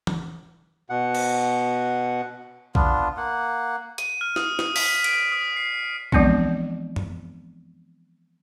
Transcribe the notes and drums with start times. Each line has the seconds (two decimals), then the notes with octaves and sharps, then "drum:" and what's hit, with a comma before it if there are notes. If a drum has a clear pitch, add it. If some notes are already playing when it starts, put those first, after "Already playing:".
0.07 drum: tom
0.90 B2 F#5
1.15 drum: cymbal
2.75 B3 D4 F4, drum: kick A#1
3.17 A#3 F#5
3.98 D#7, drum: hi-hat
4.21 F6
4.36 D#6, drum: snare
4.59 D#6, drum: snare
4.76 B6, drum: open hi-hat
5.04 D7, drum: cymbal
5.32 D#6
5.57 C7
6.12 E3 F3 G#3 B3 C4 D4, drum: kick A#1
6.96 drum: tom F#2